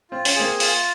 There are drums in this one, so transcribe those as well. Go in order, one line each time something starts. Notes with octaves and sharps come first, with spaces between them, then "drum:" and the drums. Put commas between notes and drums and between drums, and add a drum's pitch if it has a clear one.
C4 F4
C#4, drum: open hi-hat
A#3 C4 G#4
F4, drum: open hi-hat